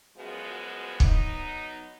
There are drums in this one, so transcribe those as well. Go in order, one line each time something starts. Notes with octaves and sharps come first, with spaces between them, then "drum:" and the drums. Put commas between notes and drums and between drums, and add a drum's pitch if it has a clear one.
F#2 F3 G#3 B3 F#4
F#3 B3 D#4, drum: kick